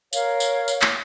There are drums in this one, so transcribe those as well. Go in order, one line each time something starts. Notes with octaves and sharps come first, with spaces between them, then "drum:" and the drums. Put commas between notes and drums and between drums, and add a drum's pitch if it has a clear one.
A#4 C#5 F5, drum: tambourine
drum: tambourine
drum: tambourine
drum: clap